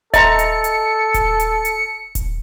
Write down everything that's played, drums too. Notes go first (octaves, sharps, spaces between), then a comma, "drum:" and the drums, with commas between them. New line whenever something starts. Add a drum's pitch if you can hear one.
A4 D#5 E5 A#5 C6 C#7, drum: kick D#1, hi-hat
drum: hi-hat
drum: hi-hat
drum: kick D#1, hi-hat
drum: hi-hat
drum: hi-hat
drum: kick D#1, hi-hat